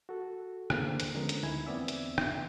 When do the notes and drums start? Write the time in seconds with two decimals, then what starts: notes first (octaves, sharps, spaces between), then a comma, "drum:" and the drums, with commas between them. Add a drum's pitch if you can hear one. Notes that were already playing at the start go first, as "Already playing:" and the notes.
0.09 F#4 A4
0.70 D#2 D3 A#3 G#4 A4 C5, drum: rim click
1.00 drum: hi-hat
1.15 D3 F3 G#3 B3 C#4 A#4
1.29 drum: hi-hat
1.43 D2 D#4 E4 G#5 B5 G#6
1.66 E2 B3 C4 D5 E5 E6
1.88 drum: hi-hat
2.18 drum: rim click